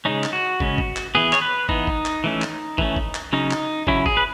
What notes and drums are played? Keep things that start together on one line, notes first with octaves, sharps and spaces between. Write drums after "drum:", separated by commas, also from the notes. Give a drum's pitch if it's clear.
C#3 G#3 C#4 D#4
drum: clap
F#4
C#3 G#3 C#4, drum: kick
drum: kick
drum: clap
E3 B3 G#4
C#5, drum: clap
B4
E3 B3 D#4, drum: kick
drum: kick
drum: clap
E3 A3 C#4
drum: clap
E3 A3 C#4, drum: kick
drum: kick
drum: clap
C#3 F#3 C#4 D#4
drum: clap
C#3 F#3 C#4 E4, drum: kick
G#4, drum: kick
B4